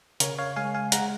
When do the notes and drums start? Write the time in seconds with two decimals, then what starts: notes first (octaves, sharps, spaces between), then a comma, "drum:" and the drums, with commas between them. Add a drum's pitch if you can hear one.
0.20 C#3 A#4 C#5, drum: hi-hat
0.38 C#5 F5
0.56 G#3 F5 G#5
0.75 F5 G#5
0.92 G#3 F#5 A#5, drum: hi-hat